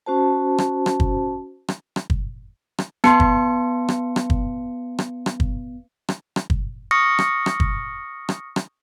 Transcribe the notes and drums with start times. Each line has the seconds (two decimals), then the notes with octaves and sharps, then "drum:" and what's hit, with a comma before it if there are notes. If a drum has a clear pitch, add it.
0.06 C#4 F#4 C5 A5
0.58 drum: rim click
0.86 drum: rim click
1.00 drum: kick
1.68 drum: rim click
1.96 drum: rim click
2.10 drum: kick
2.78 drum: rim click
3.04 B3 A5 C6 C#7, drum: rim click
3.20 drum: kick
3.88 drum: rim click
4.16 drum: rim click
4.30 drum: kick
4.99 drum: rim click
5.26 drum: rim click
5.40 drum: kick
6.09 drum: rim click
6.36 drum: rim click
6.50 drum: kick
6.91 C#6 D#6 F6 A#6 C#7
7.19 drum: rim click
7.46 drum: rim click
7.60 drum: kick
8.29 drum: rim click
8.56 drum: rim click